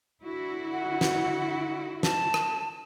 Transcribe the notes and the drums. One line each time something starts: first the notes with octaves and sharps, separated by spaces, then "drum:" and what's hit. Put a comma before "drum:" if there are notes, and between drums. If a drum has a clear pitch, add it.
D3 E4 F#4
F#5
drum: snare
A5, drum: snare
drum: rim click